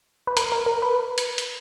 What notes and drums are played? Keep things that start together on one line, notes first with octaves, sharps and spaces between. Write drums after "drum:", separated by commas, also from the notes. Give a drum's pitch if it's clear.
B4
A#4, drum: hi-hat
A#4
A#4
B4
drum: hi-hat
drum: hi-hat